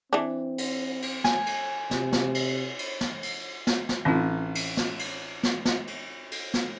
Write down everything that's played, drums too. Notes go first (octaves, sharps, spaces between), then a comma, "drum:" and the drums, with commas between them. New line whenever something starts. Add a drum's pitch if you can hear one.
E3 C4 D4
drum: cymbal
drum: cymbal
G#5, drum: snare
drum: cymbal
C3, drum: snare
drum: snare
drum: cymbal
drum: cymbal
drum: snare
drum: cymbal
drum: snare
drum: snare
A1 C4 D#4 F4
drum: cymbal
drum: snare
drum: cymbal
drum: snare
drum: snare
drum: cymbal
drum: cymbal
drum: snare